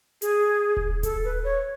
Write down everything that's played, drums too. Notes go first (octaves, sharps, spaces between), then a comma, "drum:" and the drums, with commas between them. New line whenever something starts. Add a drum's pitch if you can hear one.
G#4, drum: hi-hat
drum: kick D#1
A4, drum: kick D#1, hi-hat
B4
C#5